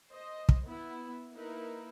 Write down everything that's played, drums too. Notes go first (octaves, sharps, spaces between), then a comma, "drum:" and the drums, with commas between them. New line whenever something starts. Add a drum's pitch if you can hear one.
C5 D#5
drum: kick
B3 E4
A#3 D#4 E4 A#4 B4